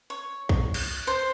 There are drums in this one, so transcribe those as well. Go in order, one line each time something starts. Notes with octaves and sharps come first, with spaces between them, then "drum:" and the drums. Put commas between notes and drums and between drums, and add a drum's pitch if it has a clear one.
C#5
drum: kick
drum: cymbal
C5